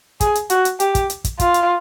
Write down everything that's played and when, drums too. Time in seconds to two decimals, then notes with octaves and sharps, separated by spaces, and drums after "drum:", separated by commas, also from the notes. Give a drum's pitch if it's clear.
0.20 G#4, drum: kick, hi-hat
0.35 drum: hi-hat
0.50 F#4, drum: hi-hat
0.65 drum: hi-hat
0.80 G4, drum: hi-hat
0.95 drum: kick, hi-hat
1.10 drum: hi-hat
1.24 drum: kick, hi-hat
1.40 F4, drum: kick, hi-hat
1.54 drum: hi-hat